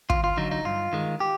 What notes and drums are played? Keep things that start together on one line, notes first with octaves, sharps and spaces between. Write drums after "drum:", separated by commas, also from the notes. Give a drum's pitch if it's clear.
D#2 F4, drum: kick
F4
D3 F#3 D#4
D#4
G2 F4
D#3 G#3
G4